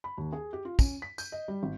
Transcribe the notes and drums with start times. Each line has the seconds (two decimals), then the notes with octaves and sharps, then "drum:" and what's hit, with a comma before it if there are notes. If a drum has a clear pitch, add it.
0.04 B5
0.18 D#2
0.33 G#4
0.53 G4
0.65 F4
0.79 C#4, drum: kick, tambourine
1.02 B6
1.18 G6, drum: tambourine
1.32 D#5
1.48 G3
1.63 G#1